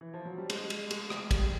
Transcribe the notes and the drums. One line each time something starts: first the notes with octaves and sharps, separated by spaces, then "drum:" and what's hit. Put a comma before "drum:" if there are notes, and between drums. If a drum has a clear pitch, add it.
E3
F3
F#3
G3
G#3, drum: cymbal
drum: cymbal
G#3, drum: cymbal
drum: rim click
G3, drum: kick, cymbal